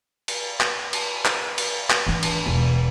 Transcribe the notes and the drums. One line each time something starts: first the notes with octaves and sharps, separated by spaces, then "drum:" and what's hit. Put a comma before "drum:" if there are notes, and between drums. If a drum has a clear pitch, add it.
drum: cymbal
drum: clap
drum: cymbal
drum: clap
drum: cymbal
drum: clap
E3 D4
drum: cymbal
E1